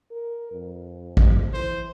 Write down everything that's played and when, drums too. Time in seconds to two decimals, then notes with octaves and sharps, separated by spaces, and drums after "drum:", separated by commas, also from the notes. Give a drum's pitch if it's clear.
0.11 A#4
0.52 F2
1.17 drum: kick
1.53 E3 C5